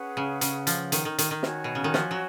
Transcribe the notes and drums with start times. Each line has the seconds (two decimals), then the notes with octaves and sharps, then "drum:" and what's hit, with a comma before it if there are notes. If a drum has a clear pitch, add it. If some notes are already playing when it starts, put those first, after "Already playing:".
Already playing: C#4 G#4 B4 F#5
0.17 C#3
0.41 C#3, drum: hi-hat
0.67 F3, drum: hi-hat
0.92 D#3, drum: hi-hat
1.05 D#3
1.19 D#3, drum: hi-hat
1.31 D#3
1.43 F#4 C#5 G#5, drum: snare
1.64 B2
1.75 C#3
1.84 D#3
1.94 F3, drum: snare
2.11 F#3